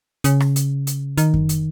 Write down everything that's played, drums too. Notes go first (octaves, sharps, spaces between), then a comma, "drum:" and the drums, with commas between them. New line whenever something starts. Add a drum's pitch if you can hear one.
C#3, drum: hi-hat
drum: rim click
drum: hi-hat
drum: hi-hat
D#3, drum: hi-hat
drum: kick F#2
drum: hi-hat